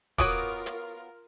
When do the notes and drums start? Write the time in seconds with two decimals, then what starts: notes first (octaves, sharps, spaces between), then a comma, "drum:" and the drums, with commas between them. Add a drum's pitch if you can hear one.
0.18 B3 F4 F#4 A#4 C#5 D6 D#6 D7, drum: kick D#1, hi-hat
0.66 drum: hi-hat